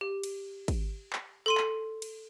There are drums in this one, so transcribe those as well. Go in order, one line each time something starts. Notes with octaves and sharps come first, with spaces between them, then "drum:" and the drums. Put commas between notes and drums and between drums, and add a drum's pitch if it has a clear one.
G4
drum: cymbal
drum: kick, cymbal
drum: clap
A4 C6 D#7
drum: clap
drum: cymbal